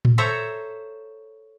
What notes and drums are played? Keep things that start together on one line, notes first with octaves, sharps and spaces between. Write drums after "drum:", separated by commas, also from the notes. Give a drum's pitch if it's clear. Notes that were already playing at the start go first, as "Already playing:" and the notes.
drum: tom A2
A4 C5 C#5 E5 A#5